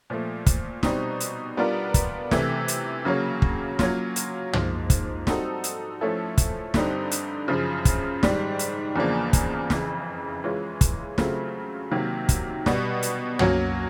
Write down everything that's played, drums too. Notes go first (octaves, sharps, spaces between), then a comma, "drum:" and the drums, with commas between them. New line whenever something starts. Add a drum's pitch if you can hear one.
A#2 F3 A3
drum: kick, hi-hat
B2 G3 C4 D#4, drum: snare
drum: hi-hat
G3 B3 D4 F4 A#4
drum: kick, hi-hat
C3 E3 A3, drum: snare
drum: hi-hat
C#3 F#3 A#3 C#4
drum: kick
F#3 A#3 C#4 F4, drum: snare
drum: hi-hat
G#2 F3 A#3, drum: tom
drum: kick, hi-hat
G3 C4 D#4 F#4 A4, drum: snare
drum: hi-hat
F3 A3 C#4 E4 A4
drum: kick, hi-hat
G2 D3 G3 C4 D#4, drum: snare
drum: hi-hat
F#2 C#3 F3
drum: kick, hi-hat
G#2 D#3 G3, drum: snare
drum: hi-hat
E2 C#3 F3 A#3 D4
drum: kick, hi-hat
F2 C#3 E3, drum: snare
E3 G#3 C#4 F4
drum: kick, hi-hat
C#3 F#3 A3 C4 F4, drum: snare
C3 D#3 F#3 A#3
drum: kick, hi-hat
B2 G3 B3, drum: snare
drum: hi-hat
F#3 A#3 C#4 F#4, drum: tom